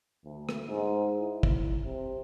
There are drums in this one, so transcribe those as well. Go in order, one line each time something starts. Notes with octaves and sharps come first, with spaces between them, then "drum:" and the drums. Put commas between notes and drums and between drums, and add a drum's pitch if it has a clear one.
D2
drum: rim click
G#2
E4
drum: kick
C3